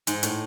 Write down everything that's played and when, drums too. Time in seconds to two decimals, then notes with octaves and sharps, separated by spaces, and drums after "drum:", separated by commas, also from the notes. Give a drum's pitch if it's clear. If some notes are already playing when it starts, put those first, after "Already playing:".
0.07 G#2, drum: hi-hat
0.23 A2, drum: hi-hat